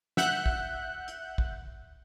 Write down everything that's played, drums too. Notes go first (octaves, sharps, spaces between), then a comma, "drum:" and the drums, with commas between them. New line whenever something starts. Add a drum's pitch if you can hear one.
E5 F#5 F#6 G6, drum: snare
drum: kick
drum: hi-hat
drum: kick